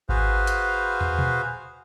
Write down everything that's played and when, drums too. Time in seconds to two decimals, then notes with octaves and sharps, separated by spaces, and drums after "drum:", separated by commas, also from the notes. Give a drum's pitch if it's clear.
0.09 F#4 G#4 B4 C5 F5, drum: kick G#1
0.47 drum: hi-hat
1.01 drum: tom
1.19 drum: tom A#2